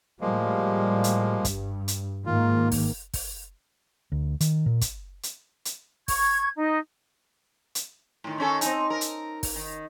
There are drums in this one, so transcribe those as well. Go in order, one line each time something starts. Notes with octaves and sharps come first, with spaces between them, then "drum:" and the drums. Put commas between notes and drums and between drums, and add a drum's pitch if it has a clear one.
A2 F3 G3 G#3 A#3
drum: hi-hat
G2, drum: kick, hi-hat
drum: hi-hat
G#2 D#3 A#3 F4
drum: kick, open hi-hat
drum: kick, open hi-hat
D2
D#3, drum: hi-hat
A#2
drum: kick, hi-hat
drum: hi-hat
drum: hi-hat
C#6 G#6, drum: kick, open hi-hat
D#4
drum: hi-hat
A2 D#3
D#3 C#4 A4
C4 D#4, drum: hi-hat
A#4
drum: hi-hat
drum: kick, open hi-hat
D#3